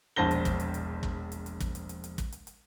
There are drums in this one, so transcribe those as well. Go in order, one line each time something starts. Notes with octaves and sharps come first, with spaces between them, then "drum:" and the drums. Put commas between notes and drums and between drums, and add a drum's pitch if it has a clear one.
E1 A#1 C5 A5 A#6 G7
drum: hi-hat
drum: kick, hi-hat
drum: hi-hat
drum: hi-hat
drum: kick
drum: hi-hat
drum: hi-hat
drum: kick, hi-hat
drum: hi-hat
drum: hi-hat
drum: hi-hat
drum: kick, hi-hat
drum: hi-hat
drum: hi-hat